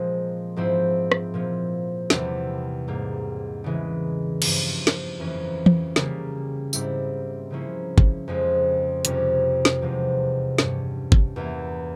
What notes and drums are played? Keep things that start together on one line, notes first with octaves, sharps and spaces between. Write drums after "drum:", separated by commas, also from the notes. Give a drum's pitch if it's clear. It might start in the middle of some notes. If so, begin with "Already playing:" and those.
Already playing: A#2 F3 G#3 C4
G#2 F3 C4 E4
drum: rim click
A#2 F3 C4
E2 C3 G3 C4 E4, drum: snare
G#2 G3 A#3
C#3 E3 G#3
G2 F3 C4 E4, drum: cymbal
drum: snare
F2 E3 A#3 C#4
drum: tom E3
C#3 G3 A#3, drum: snare
G#2 G3 C4 E4, drum: tambourine
C#3 F3 A#3 C#4 E4
drum: kick
F2 C#3 F3 G#3
F2 C3 G3 C#4, drum: hi-hat
drum: snare
E2 C3 F3 G#3
G2 G3 C#4, drum: snare
drum: kick
E2 E3 A#3